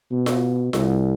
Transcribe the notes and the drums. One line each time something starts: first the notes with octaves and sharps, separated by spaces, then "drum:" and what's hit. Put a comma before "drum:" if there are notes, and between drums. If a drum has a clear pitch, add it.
B2
drum: snare F4
C2, drum: snare F4